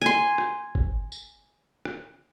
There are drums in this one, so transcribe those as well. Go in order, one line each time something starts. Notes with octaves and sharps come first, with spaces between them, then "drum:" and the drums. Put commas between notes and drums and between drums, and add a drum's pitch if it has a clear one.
G#5 C6
drum: rim click
drum: kick G1
drum: tambourine
drum: rim click